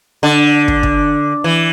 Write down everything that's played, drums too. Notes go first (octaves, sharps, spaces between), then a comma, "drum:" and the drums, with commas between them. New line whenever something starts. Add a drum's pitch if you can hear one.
D3
drum: kick
drum: kick
E3